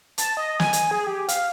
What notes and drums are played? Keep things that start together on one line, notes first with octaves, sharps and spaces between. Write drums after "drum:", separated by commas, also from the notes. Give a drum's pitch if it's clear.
A5, drum: hi-hat
D#5
G#5, drum: snare
drum: hi-hat
G#4
G4
F5, drum: hi-hat